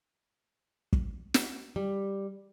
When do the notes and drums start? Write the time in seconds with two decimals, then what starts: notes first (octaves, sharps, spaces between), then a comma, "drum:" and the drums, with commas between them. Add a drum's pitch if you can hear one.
0.93 drum: kick
1.34 drum: snare
1.76 G3